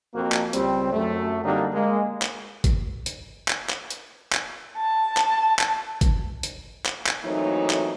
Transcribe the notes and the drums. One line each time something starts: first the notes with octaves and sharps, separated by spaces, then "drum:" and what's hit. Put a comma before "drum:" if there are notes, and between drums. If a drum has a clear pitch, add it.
F2 A#3 F#4
drum: clap
C#2 G3 C4, drum: hi-hat
F#2 A3
D3 G3 A#3 C4 D4 D#4
G#3 A#3
drum: clap
drum: kick G#1, hi-hat
drum: hi-hat
drum: clap
drum: clap
drum: hi-hat
drum: clap
A5
drum: clap
drum: clap
drum: kick G#1, hi-hat
drum: hi-hat
drum: clap
drum: clap
F2 A2 E3 F#3 A#3 D#4
drum: clap